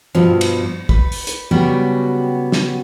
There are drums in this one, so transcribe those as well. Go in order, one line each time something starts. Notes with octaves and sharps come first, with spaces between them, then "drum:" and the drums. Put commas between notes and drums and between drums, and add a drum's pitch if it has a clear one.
G2 B2 F3
drum: cymbal
B4, drum: kick
drum: open hi-hat
drum: hi-hat
C#3 F#3 G3 B3 F#4 G4
drum: snare